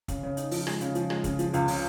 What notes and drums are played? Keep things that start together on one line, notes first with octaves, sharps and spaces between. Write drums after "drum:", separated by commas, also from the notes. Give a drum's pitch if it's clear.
C#3, drum: kick, hi-hat
C#3
D#4, drum: hi-hat
F3, drum: open hi-hat
G#3, drum: rim click
C#3, drum: hi-hat
F3, drum: hi-hat
G#3, drum: rim click
C#3, drum: kick, hi-hat
F3, drum: hi-hat
C#2, drum: hi-hat
C#3, drum: open hi-hat